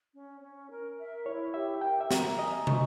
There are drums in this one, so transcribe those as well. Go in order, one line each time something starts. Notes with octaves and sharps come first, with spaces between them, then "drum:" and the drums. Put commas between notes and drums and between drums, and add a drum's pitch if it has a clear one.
C#4
C#4
A#4
E5
E4 C#5
G4 E5
A#4 G5
E5
A#5, drum: snare
E5
D#5 G#5
C#6, drum: tom